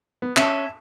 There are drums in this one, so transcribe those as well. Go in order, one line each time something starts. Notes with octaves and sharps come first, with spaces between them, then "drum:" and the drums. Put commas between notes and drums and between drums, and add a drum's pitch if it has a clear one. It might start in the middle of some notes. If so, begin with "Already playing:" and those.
B3
C#4 E5 A5, drum: clap